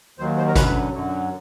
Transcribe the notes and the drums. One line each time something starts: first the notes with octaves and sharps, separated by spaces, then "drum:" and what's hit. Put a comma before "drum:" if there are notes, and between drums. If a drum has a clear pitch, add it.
D#2 D#3 F#3 C5
C5
A#4
F#2 D3 F#3 B4, drum: kick G#1, hi-hat
F#2 D3 F#3